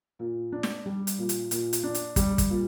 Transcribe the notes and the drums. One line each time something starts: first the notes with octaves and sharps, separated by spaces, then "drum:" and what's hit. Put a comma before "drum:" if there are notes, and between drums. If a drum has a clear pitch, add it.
A#2
D4
drum: snare
G3
drum: hi-hat
A#2
drum: hi-hat
A#2, drum: hi-hat
drum: hi-hat
D4
drum: hi-hat
G3, drum: kick, hi-hat
drum: kick, hi-hat
A#2